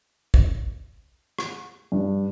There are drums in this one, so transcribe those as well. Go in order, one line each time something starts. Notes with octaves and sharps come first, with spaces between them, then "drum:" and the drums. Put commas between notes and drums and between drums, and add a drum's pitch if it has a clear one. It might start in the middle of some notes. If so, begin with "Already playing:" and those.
drum: kick
drum: rim click
G2